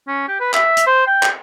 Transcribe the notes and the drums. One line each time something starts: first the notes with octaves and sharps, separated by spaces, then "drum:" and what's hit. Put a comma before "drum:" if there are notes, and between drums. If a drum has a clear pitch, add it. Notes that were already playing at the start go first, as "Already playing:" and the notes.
C#4
G4
B4
E5, drum: clap
drum: hi-hat
C5
G5
drum: clap